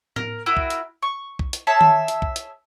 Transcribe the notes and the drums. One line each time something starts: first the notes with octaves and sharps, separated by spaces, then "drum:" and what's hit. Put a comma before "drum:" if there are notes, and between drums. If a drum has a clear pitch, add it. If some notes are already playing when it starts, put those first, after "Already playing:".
A#4, drum: tom A2
E4 F#4 A#4 G5
drum: kick B1
drum: hi-hat
C#6
drum: kick B1
drum: hi-hat
G#4 C#5 E5 A5
drum: tom D#3
drum: hi-hat
drum: kick B1
drum: hi-hat